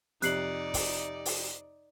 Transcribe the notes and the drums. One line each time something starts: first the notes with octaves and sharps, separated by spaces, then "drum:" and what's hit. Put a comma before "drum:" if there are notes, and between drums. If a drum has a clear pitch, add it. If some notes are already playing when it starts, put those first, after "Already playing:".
F2 C3 D#4 D5 F#6 C7 F#7, drum: hi-hat
drum: kick, open hi-hat
drum: open hi-hat